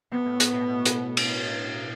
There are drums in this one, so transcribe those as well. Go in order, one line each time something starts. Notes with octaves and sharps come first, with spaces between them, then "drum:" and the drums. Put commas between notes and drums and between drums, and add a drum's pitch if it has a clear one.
C3 B3
A2
A2, drum: hi-hat
B2
drum: hi-hat
drum: cymbal